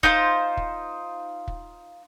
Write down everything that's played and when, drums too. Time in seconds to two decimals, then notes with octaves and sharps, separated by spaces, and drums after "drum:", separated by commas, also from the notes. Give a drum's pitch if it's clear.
0.03 D#4 F4 C5, drum: kick
0.57 drum: kick
1.48 drum: kick